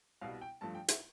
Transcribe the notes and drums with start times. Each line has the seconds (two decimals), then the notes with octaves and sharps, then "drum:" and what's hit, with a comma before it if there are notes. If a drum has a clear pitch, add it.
0.21 C2 B2 G3 F5
0.41 G5
0.61 G2 F3 A3 A5
0.75 G5
0.88 E5, drum: hi-hat